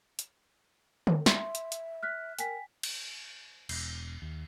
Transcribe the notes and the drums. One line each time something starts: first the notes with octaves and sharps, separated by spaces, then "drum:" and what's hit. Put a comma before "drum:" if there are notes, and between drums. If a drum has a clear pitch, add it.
drum: hi-hat
drum: tom D3
E5 C6, drum: snare
drum: hi-hat
drum: hi-hat
F6 F#6 B6
A#4 G5 G#5 B6, drum: hi-hat
drum: cymbal
E1, drum: cymbal
D#2